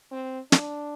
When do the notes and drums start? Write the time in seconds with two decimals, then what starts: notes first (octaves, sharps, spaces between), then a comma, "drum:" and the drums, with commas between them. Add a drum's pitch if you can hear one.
0.12 C4
0.52 D4, drum: snare